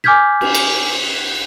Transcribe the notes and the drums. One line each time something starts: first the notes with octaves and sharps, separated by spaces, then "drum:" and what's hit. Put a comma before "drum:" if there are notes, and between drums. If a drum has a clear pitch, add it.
G#5 D6 F6 G6 G#6 B6
drum: cymbal
drum: cymbal